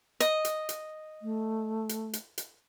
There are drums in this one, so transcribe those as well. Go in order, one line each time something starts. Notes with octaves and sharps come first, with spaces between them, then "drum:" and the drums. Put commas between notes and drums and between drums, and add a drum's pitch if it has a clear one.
D#5, drum: hi-hat
drum: hi-hat
drum: hi-hat
A3
drum: hi-hat
drum: hi-hat
drum: hi-hat